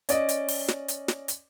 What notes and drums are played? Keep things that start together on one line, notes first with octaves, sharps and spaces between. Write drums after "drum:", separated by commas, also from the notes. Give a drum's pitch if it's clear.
C#4 D5 D#5, drum: hi-hat
drum: hi-hat
drum: open hi-hat
drum: snare
drum: hi-hat
drum: snare
drum: hi-hat